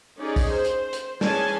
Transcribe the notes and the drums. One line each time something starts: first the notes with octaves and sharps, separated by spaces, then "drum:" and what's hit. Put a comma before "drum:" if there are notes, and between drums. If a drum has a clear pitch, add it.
C#4 D#4 G#4 D5
drum: kick, open hi-hat
C5
drum: hi-hat
drum: hi-hat
E3 C#4 G#4 D5 G#5 A5, drum: snare